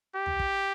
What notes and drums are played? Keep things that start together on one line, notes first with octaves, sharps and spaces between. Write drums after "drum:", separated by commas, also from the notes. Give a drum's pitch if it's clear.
G4
drum: tom
drum: kick